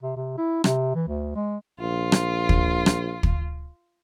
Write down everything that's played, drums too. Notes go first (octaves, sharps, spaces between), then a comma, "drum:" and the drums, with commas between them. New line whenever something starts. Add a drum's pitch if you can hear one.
C3
C3
E4
C3, drum: rim click
E3
D2
G#3
A#1 F4
drum: rim click
drum: kick
drum: rim click
drum: kick